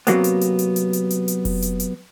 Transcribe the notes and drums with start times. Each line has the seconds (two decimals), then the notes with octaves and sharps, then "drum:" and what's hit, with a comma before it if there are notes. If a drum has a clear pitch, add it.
0.07 C3 F#3 A#3 B3, drum: hi-hat
0.24 drum: hi-hat
0.41 drum: hi-hat
0.59 drum: hi-hat
0.76 drum: hi-hat
0.93 drum: hi-hat
1.10 drum: hi-hat
1.28 drum: hi-hat
1.45 drum: kick F1, open hi-hat
1.62 drum: hi-hat
1.80 drum: hi-hat